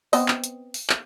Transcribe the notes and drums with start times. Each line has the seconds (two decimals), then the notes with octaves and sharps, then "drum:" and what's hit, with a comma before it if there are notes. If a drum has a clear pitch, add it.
0.13 B3 C4 D#5, drum: open hi-hat
0.28 drum: clap
0.44 drum: hi-hat
0.74 drum: open hi-hat
0.90 drum: clap